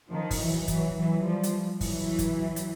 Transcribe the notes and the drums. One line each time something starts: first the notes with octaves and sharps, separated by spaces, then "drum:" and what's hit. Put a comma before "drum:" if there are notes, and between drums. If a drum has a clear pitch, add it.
D#3 F3
drum: kick, open hi-hat
E3 F#3
E3 F#3, drum: kick, hi-hat
E3 F#3
F3 G3
drum: hi-hat
E3 F#3, drum: kick, open hi-hat
drum: kick, hi-hat
drum: hi-hat